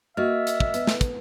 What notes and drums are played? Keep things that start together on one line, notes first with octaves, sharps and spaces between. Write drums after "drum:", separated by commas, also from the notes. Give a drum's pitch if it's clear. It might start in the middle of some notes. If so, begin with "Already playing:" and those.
A#3 F#4 D#5 E5 F6
drum: hi-hat
drum: kick
B3, drum: hi-hat
drum: snare
drum: kick, hi-hat